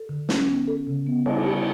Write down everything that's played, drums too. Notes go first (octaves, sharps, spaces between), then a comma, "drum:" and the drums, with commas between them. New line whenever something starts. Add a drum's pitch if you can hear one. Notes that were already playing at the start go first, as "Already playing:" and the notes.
Already playing: A4
D3
C#4, drum: snare
B3
A4
C#3
B3
G3, drum: cymbal
G4